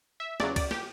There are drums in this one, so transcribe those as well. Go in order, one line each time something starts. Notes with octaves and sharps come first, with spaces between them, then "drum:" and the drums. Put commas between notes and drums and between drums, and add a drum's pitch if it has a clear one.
E5
E2 C#3 F#3 D5, drum: snare
D5, drum: kick C#2, cymbal
G4, drum: snare